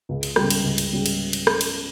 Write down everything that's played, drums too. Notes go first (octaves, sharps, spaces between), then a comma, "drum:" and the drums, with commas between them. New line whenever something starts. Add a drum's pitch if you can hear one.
C#2
drum: cymbal
C#3 G3, drum: rim click
drum: cymbal
C#2
drum: cymbal
C#3 G3
drum: cymbal
drum: cymbal
drum: rim click
drum: cymbal